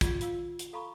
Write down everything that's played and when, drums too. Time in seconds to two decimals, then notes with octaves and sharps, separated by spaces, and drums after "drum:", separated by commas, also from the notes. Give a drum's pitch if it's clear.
0.01 F4 F#4 G#4 D5 F#5, drum: kick, hi-hat
0.21 F4 F5 E6, drum: hi-hat
0.59 drum: hi-hat
0.73 A4 F5 A#5 B5 C#6